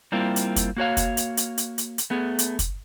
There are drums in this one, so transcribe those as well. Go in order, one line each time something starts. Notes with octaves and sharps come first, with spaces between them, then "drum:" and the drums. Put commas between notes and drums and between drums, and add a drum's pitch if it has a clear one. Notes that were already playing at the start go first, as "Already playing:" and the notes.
G3 A#3 C4 E4 F4
drum: hi-hat
drum: kick, hi-hat
A#3 F#4 C#5 F5
drum: kick, hi-hat
drum: hi-hat
drum: hi-hat
drum: hi-hat
drum: hi-hat
drum: hi-hat
A3 B3 G#4
drum: hi-hat
drum: kick, hi-hat